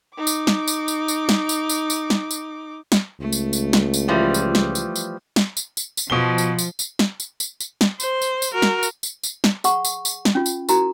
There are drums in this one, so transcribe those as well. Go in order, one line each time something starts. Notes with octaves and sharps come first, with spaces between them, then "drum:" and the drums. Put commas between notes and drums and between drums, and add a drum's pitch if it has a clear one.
D#4 D6
drum: tambourine
drum: snare
drum: tambourine
drum: tambourine
drum: tambourine
drum: snare
drum: tambourine
drum: tambourine
drum: tambourine
drum: snare
drum: tambourine
drum: snare
C#2 A3
drum: tambourine
drum: tambourine
drum: snare
drum: tambourine
E3 F3 G3
drum: tambourine
drum: snare
drum: tambourine
drum: tambourine
drum: snare
drum: tambourine
drum: tambourine
drum: tambourine
B2 F3 G7
drum: tambourine
drum: tambourine
drum: tambourine
drum: snare
drum: tambourine
drum: tambourine
drum: tambourine
drum: snare
C5, drum: tambourine
drum: tambourine
drum: tambourine
F#4 A#4
drum: snare
drum: tambourine
drum: tambourine
drum: tambourine
drum: snare
G#4 F#5 C#6, drum: tambourine
drum: tambourine
drum: tambourine
drum: snare
C#4 F4
drum: tambourine
E4 F#4 A#4 A#5, drum: tambourine